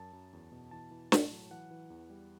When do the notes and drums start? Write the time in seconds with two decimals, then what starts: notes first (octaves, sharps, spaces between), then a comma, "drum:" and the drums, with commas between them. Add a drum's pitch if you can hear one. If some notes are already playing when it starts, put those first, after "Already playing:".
Already playing: F#2 A5
0.13 F#2
0.33 E2
0.52 B2
0.71 E3 A5
0.91 E3
1.12 A2, drum: snare
1.31 F#3
1.51 E3 F#5
1.71 E3
1.90 E2
2.10 G3